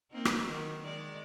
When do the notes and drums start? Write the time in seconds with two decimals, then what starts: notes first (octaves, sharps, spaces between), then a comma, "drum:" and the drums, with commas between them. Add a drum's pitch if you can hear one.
0.11 A#3 C4 D#4
0.25 drum: rim click
0.48 D#3 F#3
0.83 D#3 G#3 D5